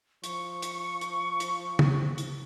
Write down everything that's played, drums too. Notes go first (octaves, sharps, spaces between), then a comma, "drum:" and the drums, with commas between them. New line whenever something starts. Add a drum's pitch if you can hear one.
F3 C#6, drum: hi-hat
drum: hi-hat
drum: hi-hat
drum: hi-hat
drum: tom
drum: hi-hat